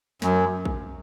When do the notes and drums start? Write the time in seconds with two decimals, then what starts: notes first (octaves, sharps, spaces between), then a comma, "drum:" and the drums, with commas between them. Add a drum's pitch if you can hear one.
0.22 F#2, drum: snare
0.65 drum: kick